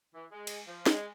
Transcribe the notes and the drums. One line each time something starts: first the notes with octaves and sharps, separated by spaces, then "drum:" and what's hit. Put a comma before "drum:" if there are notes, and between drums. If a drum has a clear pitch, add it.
E3
G#3
drum: cymbal
F3
G#3, drum: snare